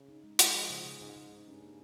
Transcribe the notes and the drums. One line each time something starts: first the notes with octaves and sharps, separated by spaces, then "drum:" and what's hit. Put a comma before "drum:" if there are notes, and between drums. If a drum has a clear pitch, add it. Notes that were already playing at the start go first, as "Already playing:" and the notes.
Already playing: C#3
D#4
G#3
G#3, drum: hi-hat
F3 G#4
C#3
C#3
G#2 C#3
C#3
D#4
G2 C#4
A#3